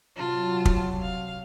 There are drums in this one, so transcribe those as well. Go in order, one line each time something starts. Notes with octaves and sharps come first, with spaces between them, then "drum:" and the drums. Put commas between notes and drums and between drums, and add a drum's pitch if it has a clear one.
C3 F#3 F4 A5
drum: kick
F5